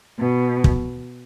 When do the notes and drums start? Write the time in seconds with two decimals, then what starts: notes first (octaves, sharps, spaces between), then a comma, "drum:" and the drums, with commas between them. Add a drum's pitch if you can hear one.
0.17 B2
0.64 drum: kick